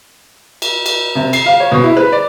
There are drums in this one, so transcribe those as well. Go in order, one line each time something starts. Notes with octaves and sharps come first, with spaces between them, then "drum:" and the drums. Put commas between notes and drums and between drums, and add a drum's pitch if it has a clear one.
drum: cymbal
drum: cymbal
C3
C7, drum: cymbal
F5
C#5
B2
E4
B4
D5